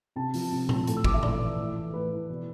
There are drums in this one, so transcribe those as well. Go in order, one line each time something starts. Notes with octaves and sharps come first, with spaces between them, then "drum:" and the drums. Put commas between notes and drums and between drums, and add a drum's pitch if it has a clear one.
C3 A5
F3, drum: open hi-hat
C3
F3, drum: tom A#2
A2 A5, drum: hi-hat
E6
E3 D6, drum: kick
E5
A2 D5, drum: tom A#2
E3
A2
E3
A2 B4
E3
B2